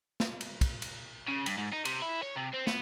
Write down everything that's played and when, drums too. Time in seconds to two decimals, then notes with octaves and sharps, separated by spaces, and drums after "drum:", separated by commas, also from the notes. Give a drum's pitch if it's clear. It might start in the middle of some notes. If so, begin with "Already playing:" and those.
0.20 drum: snare
0.41 drum: cymbal
0.61 drum: kick, cymbal
0.82 drum: cymbal
1.28 C#3
1.46 G2, drum: cymbal
1.58 G#2
1.73 D#4
1.85 C3, drum: cymbal
2.02 E4
2.23 C#5
2.36 C3
2.54 C4
2.67 B3, drum: snare